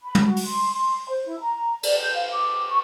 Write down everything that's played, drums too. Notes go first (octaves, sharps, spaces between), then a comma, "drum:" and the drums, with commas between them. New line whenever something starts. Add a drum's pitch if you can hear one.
B5
drum: tom
F#4
drum: open hi-hat
C6
C6
C5
E4
A#5
D5, drum: cymbal
G6
F5
D6
C#6